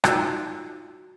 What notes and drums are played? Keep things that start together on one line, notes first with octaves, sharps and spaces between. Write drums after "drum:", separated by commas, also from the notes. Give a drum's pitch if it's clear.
D#4 F4 F#4 E6 F#6, drum: rim click